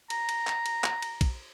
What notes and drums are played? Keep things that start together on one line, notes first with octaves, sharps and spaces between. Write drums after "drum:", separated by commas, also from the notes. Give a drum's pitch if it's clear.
A#5, drum: cymbal
drum: cymbal
drum: clap
drum: cymbal
drum: clap
drum: cymbal
drum: kick, cymbal